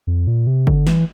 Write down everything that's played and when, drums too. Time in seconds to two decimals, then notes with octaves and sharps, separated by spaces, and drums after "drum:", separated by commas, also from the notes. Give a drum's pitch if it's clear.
0.07 F2
0.27 A#2
0.47 C3
0.67 D3, drum: kick G1
0.87 E3, drum: snare